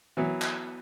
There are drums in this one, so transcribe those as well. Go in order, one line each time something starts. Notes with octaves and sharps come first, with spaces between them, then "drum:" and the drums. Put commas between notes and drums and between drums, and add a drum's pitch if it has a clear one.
E3 F#3 B3
drum: clap